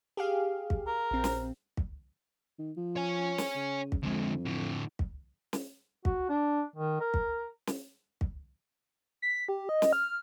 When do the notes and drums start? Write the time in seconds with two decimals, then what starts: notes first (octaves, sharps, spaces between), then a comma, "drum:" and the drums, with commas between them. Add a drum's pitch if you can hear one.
0.17 G4 G#4 F5
0.70 drum: kick
0.87 A#4
1.11 A#1 C4
1.24 drum: snare
1.77 drum: kick
2.59 D#3
2.77 F3
2.96 C#5 G#5
3.38 drum: snare
3.55 C#3
3.92 drum: kick
4.03 F2 D3 G#3
4.46 A2 D3
4.99 drum: kick
5.53 drum: snare
6.05 F#4, drum: kick
6.29 D4
6.76 D#3
7.00 A#4
7.14 drum: kick
7.67 drum: snare
8.21 drum: kick
9.22 B6
9.48 G4
9.69 D#5
9.82 drum: snare
9.93 F6